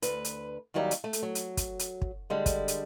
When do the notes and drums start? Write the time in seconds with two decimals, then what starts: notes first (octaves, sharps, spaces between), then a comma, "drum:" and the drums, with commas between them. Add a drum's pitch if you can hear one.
0.02 D2 B4, drum: hi-hat
0.25 drum: hi-hat
0.74 D#2 D#3 F#3 G3 D5
0.91 drum: hi-hat
1.04 A3
1.13 drum: hi-hat
1.23 F#3
1.35 drum: hi-hat
1.57 drum: kick, hi-hat
1.79 drum: hi-hat
2.02 drum: kick
2.30 D3 G3 G#3
2.46 drum: kick, hi-hat
2.68 drum: hi-hat